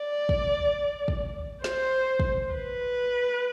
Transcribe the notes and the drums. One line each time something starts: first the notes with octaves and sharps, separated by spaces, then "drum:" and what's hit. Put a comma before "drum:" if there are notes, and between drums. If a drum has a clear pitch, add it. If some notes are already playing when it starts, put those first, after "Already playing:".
Already playing: D5
drum: kick
drum: kick
C5, drum: snare
drum: kick
B4